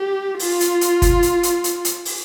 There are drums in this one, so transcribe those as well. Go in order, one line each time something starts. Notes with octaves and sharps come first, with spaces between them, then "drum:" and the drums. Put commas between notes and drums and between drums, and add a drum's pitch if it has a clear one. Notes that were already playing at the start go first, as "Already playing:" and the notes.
Already playing: G4
F4, drum: open hi-hat
drum: hi-hat
drum: hi-hat
drum: kick G1, hi-hat
drum: hi-hat
drum: hi-hat
drum: hi-hat
drum: hi-hat
drum: open hi-hat